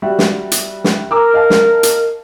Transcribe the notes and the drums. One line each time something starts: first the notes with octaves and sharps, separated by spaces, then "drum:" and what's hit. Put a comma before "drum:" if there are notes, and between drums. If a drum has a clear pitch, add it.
G3 F#4 E5
drum: snare
drum: hi-hat
drum: snare
A#4 A#5 D6 E6
D#5 F5 A5
drum: snare
drum: hi-hat